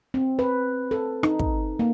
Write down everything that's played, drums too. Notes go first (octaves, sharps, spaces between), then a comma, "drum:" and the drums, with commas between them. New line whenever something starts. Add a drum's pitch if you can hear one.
C4
B4
A4
D#4, drum: rim click
drum: kick
A#3